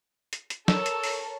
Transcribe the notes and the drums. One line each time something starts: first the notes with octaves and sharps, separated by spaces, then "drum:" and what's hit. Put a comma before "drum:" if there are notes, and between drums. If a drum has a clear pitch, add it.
drum: hi-hat
drum: hi-hat
A4 A#4 C#5 E6, drum: snare
drum: hi-hat
drum: open hi-hat